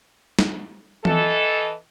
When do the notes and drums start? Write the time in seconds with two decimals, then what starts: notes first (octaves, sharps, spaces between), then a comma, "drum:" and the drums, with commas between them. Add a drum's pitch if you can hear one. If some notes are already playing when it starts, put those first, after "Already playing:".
0.39 drum: snare
1.05 E3 A4 D#5, drum: tom E3